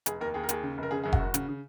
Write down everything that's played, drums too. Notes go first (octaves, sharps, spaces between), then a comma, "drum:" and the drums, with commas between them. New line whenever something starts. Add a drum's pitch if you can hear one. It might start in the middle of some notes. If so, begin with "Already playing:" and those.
F1 G#4, drum: hi-hat
D#2 A#4
D#2 G#4
A#4
D#2 G#4, drum: hi-hat
C#3
F1 A#4
C#3 G#4
F#2 G#4
F#4, drum: kick F1
F#1
C#3, drum: hi-hat
C#3